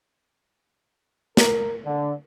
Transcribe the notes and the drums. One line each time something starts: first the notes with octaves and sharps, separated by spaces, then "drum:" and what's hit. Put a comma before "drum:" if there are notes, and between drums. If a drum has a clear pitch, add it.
A#4, drum: snare
D3